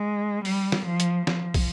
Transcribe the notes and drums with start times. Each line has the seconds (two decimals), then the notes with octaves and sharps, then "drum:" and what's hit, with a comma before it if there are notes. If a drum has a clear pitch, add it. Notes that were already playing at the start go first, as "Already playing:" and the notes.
Already playing: G#3
0.45 G3, drum: open hi-hat
0.72 drum: snare
0.86 F3
1.00 drum: hi-hat
1.27 F3, drum: snare
1.54 drum: kick, open hi-hat